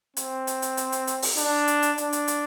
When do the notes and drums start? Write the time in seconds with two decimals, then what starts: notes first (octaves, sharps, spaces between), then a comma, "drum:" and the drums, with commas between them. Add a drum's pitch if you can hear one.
0.17 C4, drum: hi-hat
0.47 drum: hi-hat
0.62 drum: hi-hat
0.77 drum: hi-hat
0.92 drum: hi-hat
1.07 drum: hi-hat
1.22 drum: open hi-hat
1.37 D4, drum: hi-hat
1.67 drum: hi-hat
1.82 drum: hi-hat
1.98 D4, drum: hi-hat
2.13 drum: hi-hat
2.28 drum: hi-hat